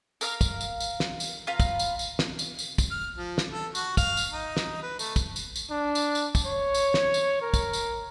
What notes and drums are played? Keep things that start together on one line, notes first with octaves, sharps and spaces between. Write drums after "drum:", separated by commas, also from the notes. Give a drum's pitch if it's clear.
A#4 F5 F6, drum: tambourine
drum: kick, tambourine
drum: tambourine
drum: tambourine
drum: snare
drum: tambourine
F4 B4 F5 A#5
drum: kick, tambourine
drum: tambourine
drum: tambourine
drum: snare
drum: tambourine
drum: tambourine
drum: kick, tambourine
F6
F3
drum: snare
A4
F#4, drum: tambourine
F5, drum: kick, tambourine
drum: tambourine
D#4
drum: snare
B4
A3, drum: tambourine
drum: kick, tambourine
drum: tambourine
drum: tambourine
D4
drum: tambourine
drum: tambourine
drum: kick, tambourine
C#5
drum: tambourine
drum: snare
drum: tambourine
A#4
drum: kick, tambourine
drum: tambourine